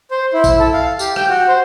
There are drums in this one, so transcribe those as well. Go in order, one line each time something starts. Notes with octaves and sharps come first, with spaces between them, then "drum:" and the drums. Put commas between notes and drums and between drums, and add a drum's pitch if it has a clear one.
C5
E4
drum: kick, tambourine
A4
F5
G4, drum: tambourine
G5, drum: rim click
F#4
C5